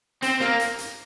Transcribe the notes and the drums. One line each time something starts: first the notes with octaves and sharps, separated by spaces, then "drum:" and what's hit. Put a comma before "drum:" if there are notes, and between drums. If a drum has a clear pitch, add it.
C4, drum: hi-hat
A#3, drum: snare
drum: hi-hat
drum: hi-hat